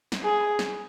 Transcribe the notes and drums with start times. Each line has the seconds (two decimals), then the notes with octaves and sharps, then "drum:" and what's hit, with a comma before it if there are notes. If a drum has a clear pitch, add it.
0.12 drum: snare
0.23 G#4
0.59 drum: snare